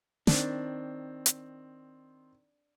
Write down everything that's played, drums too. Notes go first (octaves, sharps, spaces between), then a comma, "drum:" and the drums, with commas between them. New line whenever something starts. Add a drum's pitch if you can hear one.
D#3 C4 D4, drum: snare
drum: hi-hat